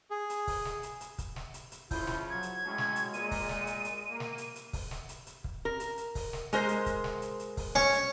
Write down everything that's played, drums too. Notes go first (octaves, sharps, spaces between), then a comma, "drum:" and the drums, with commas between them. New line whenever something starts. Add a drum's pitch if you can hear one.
G#4
drum: hi-hat
drum: kick, open hi-hat
drum: snare
drum: hi-hat
drum: hi-hat
drum: kick, hi-hat
drum: snare
drum: hi-hat
drum: hi-hat
C#3 F3 E4 F4 G6, drum: kick, open hi-hat
drum: snare
F#3 G#6
drum: hi-hat
A2 F#3 G#3 C#4
drum: snare
drum: hi-hat
A#2 D#7, drum: hi-hat
drum: kick, open hi-hat
drum: snare
drum: hi-hat
drum: hi-hat
A#3
drum: snare
drum: hi-hat
drum: hi-hat
drum: kick, open hi-hat
drum: snare
drum: hi-hat
drum: hi-hat
drum: kick
A#4
drum: hi-hat
drum: hi-hat
drum: kick, open hi-hat
drum: snare
G#3 A#4 C5, drum: hi-hat
drum: hi-hat
drum: kick, hi-hat
drum: snare
drum: hi-hat
drum: hi-hat
drum: kick, open hi-hat
C#4 C#5 C#6, drum: snare
drum: hi-hat